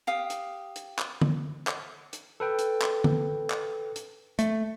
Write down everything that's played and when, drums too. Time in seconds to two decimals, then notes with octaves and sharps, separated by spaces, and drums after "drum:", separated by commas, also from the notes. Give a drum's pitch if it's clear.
0.07 G4 F5 D#6
0.30 drum: hi-hat
0.76 drum: hi-hat
0.99 drum: clap
1.21 drum: tom
1.67 drum: clap
2.13 drum: hi-hat
2.40 A4 B4 G5
2.59 drum: hi-hat
2.82 drum: clap
3.04 drum: tom
3.50 drum: clap
3.96 drum: hi-hat
4.39 A3, drum: hi-hat